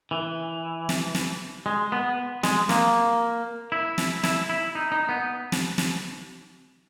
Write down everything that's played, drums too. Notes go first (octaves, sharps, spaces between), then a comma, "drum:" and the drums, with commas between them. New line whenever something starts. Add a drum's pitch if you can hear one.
E3
drum: snare
drum: snare
G#3
B3
G#3, drum: snare
A#3, drum: snare
E4
drum: snare
E4, drum: snare
E4
D#4
D#4
B3
drum: snare
drum: snare